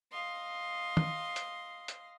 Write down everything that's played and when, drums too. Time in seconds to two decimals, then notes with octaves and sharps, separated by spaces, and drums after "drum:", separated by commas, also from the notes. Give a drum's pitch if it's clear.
0.11 D#5 F5 C6
0.97 drum: tom
1.36 drum: hi-hat
1.88 drum: hi-hat